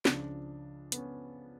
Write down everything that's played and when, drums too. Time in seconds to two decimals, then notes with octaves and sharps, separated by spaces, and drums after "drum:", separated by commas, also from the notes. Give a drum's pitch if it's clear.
0.05 C#2 C#3 F3 D4, drum: snare
0.92 B3, drum: hi-hat
0.98 C#4